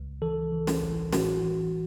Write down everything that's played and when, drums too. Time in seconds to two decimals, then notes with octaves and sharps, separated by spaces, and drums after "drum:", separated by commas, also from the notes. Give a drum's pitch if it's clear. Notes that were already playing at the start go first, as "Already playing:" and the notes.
Already playing: C#2
0.22 E3 A4
0.52 E3
0.67 drum: snare
0.83 A1
1.12 A1 F#4, drum: snare
1.43 E3